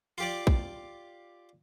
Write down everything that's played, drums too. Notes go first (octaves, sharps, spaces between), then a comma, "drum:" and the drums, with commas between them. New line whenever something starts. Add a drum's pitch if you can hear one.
F4 G4 D5
drum: kick A#1